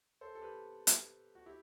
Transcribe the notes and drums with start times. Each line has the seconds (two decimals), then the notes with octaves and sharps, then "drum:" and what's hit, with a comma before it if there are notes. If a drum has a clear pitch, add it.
0.21 A4 C5
0.35 A4
0.42 G4 B4
0.87 drum: hi-hat
1.35 F#4
1.46 E4 G4